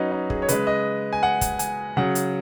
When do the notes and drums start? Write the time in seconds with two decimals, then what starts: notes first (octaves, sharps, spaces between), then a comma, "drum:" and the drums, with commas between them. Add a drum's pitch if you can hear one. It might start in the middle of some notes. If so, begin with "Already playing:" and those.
Already playing: F#3 C#4 D#4 F#4 B4
0.12 D#4
0.30 G#4, drum: kick
0.42 C#5
0.49 C#3 G#3 B4, drum: hi-hat
0.67 D#5
1.13 G#5
1.23 F#5
1.41 drum: kick, hi-hat
1.59 G#5, drum: hi-hat
1.97 C#3 F#3 F#5
2.15 drum: hi-hat